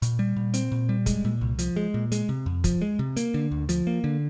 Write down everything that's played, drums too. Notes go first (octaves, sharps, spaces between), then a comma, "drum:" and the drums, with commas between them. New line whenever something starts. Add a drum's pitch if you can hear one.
A#2, drum: hi-hat
G3
A#2
C4, drum: hi-hat
A#2
G3
G#3, drum: kick, hi-hat
A#2
C2
F3, drum: hi-hat
G#3
A#2
G#3, drum: hi-hat
C3
F2
F3, drum: kick, hi-hat
G#3
C3
A#3, drum: hi-hat
D3
D2
F3, drum: hi-hat
A#3
D3